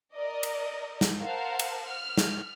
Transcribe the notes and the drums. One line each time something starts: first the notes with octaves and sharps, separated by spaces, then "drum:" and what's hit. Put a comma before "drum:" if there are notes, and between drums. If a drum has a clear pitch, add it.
A#4 D5 D#5
drum: cymbal
drum: snare
A#4 C5 F5 F#5 A5
drum: cymbal
F6
drum: snare